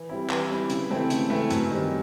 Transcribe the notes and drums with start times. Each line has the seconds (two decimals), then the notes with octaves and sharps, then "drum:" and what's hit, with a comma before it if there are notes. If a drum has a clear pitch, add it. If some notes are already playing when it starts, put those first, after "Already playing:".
Already playing: E3
0.09 G3 C4 E4
0.30 E3, drum: clap
0.50 G3 C4 E4
0.70 C#3, drum: hi-hat
0.90 E3 A3 C4 E4
1.10 C#3, drum: hi-hat
1.30 E3 A3 C4 E4
1.50 F#2, drum: hi-hat
1.71 D#3 G3 C4